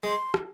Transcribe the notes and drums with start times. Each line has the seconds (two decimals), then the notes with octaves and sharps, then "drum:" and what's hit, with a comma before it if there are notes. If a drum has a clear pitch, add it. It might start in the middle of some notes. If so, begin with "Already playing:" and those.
0.03 G#3 C6
0.34 drum: rim click